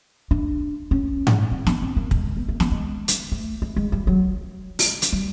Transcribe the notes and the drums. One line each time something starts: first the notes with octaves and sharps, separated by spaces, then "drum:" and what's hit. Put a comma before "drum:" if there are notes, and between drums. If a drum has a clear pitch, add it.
D4
C#4
drum: tom G#2
C4
D4, drum: snare
C4
A#3
G#3, drum: kick
B3
A#3
A3, drum: snare
G#3
drum: hi-hat
A3
A3
G#3
G3
F#3
drum: open hi-hat
drum: hi-hat
G3